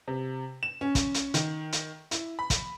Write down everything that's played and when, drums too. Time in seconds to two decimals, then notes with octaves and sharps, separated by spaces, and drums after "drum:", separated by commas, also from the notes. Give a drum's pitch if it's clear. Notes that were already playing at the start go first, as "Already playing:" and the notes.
0.08 C3
0.63 E7
0.81 C#4
0.95 drum: kick, hi-hat
1.14 drum: hi-hat
1.34 D#3, drum: hi-hat
1.73 drum: hi-hat
2.11 E4, drum: hi-hat
2.39 B5
2.50 drum: kick, hi-hat